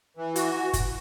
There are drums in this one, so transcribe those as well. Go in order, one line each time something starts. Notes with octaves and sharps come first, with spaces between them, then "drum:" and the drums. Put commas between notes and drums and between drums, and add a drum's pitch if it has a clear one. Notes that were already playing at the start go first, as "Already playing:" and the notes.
E3
F#4, drum: hi-hat
drum: kick, hi-hat